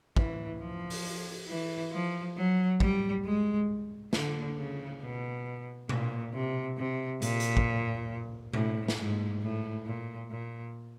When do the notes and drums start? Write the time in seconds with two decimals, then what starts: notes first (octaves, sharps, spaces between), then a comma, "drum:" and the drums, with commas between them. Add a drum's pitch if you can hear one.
0.17 E3, drum: kick
0.61 F3
0.90 drum: open hi-hat
1.49 E3
1.93 F3
2.37 F#3
2.80 G3, drum: kick
3.25 G#3
4.13 D3, drum: snare
4.57 C#3
5.01 B2
5.89 A#2, drum: tom B2
6.34 C3
6.78 C3
7.22 A#2, drum: hi-hat
7.40 drum: hi-hat
7.57 drum: kick
8.54 A2, drum: tom B2
8.88 drum: snare
8.98 G#2
9.42 A2
9.86 A#2
10.31 A#2